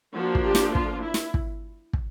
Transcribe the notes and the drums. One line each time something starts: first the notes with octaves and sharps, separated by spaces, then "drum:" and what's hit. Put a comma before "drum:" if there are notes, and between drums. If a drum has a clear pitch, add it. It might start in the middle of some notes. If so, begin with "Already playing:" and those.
F3 A#3 D4 F#4
drum: kick
G4
drum: snare
F4, drum: kick
E4
drum: snare
drum: kick
drum: kick